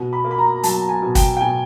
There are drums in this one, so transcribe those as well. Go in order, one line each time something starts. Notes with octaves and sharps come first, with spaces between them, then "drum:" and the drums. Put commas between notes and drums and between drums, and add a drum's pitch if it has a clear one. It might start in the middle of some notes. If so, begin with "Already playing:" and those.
Already playing: B2
B5
A#3
B5
A#5
F#3 A5, drum: hi-hat
G#5
B2
G5, drum: kick, hi-hat
G5
B2 G#5